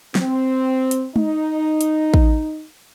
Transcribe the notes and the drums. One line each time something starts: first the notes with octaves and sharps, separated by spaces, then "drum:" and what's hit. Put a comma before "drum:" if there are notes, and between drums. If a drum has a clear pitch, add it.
C4, drum: snare
drum: hi-hat
D#4, drum: tom G#3
drum: hi-hat
drum: kick